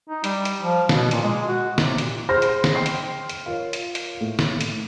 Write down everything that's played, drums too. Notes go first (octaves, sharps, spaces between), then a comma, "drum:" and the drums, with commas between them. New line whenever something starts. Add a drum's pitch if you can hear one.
D#4
G3, drum: hi-hat
drum: hi-hat
F3
B2, drum: snare
A#2, drum: hi-hat
G#3
F#4
C3, drum: snare
A#2, drum: hi-hat
G#4 C5 F6 A#6
drum: hi-hat
drum: snare
G5 C6 C7
drum: hi-hat
drum: hi-hat
F4 A#4 C#5
drum: hi-hat
drum: hi-hat
A2
drum: snare
drum: hi-hat